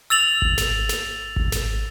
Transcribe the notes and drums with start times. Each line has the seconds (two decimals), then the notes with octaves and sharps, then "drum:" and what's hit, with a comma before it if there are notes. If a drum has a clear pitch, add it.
0.10 E6 A6 F7 F#7
0.42 drum: kick G#1
0.58 drum: snare
0.89 drum: snare
1.36 drum: kick G#1
1.52 drum: snare